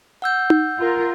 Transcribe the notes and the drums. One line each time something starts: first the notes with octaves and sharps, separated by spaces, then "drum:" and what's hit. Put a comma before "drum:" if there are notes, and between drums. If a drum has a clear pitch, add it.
F#5 E6 G6
drum: tom D#4
F4 A#4